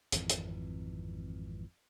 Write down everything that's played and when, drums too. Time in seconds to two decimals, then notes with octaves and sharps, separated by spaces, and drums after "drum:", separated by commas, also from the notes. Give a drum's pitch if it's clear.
0.12 G#1 F2 E3, drum: hi-hat
0.29 drum: hi-hat